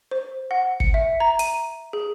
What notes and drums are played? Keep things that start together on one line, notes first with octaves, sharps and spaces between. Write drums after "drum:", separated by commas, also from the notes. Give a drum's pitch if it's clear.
C5
F#5
C#7, drum: kick G1
E5
A#5
D#7, drum: hi-hat
G#4